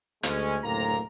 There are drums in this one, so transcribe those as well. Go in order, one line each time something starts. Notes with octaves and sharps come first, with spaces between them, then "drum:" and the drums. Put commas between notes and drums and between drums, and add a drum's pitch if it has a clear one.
D2 G#3 C#4, drum: hi-hat
F#1 D2 A2 C3 A#3 A#5